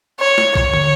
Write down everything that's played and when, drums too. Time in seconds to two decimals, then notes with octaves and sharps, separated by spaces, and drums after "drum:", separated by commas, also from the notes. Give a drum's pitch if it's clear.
0.20 C#5
0.38 drum: snare
0.55 C#5, drum: kick A#1
0.74 drum: tom